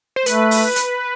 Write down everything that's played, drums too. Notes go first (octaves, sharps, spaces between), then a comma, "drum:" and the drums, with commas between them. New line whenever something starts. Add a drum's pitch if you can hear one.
C5
A3 B4, drum: hi-hat
drum: open hi-hat
drum: hi-hat